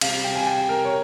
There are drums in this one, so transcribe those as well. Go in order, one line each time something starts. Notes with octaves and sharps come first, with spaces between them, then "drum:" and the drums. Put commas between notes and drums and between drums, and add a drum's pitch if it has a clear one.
C3 G3 F5, drum: cymbal
G5
G#5
G5
A#4
C#5